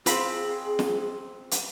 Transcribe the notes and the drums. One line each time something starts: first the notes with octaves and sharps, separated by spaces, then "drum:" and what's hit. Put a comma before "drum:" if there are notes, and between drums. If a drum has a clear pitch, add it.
C4 F4 G#4 B5, drum: hi-hat
drum: snare
drum: hi-hat